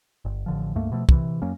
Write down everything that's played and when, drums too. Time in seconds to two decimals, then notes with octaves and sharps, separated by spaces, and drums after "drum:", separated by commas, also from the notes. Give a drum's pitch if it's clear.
0.25 G1
0.46 A1 D3 F3
0.75 C#2 G2 A3 A#3
0.92 B2 F3 A3
1.09 C3 E3, drum: kick
1.42 F#2 F#3 A#3 C#4